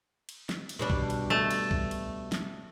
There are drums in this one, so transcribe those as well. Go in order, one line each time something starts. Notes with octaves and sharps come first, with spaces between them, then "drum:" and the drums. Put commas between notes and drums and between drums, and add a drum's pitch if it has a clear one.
drum: cymbal
drum: snare
drum: cymbal
B2 G3 D4
drum: kick
drum: cymbal
A3
drum: cymbal
drum: kick
drum: cymbal
drum: snare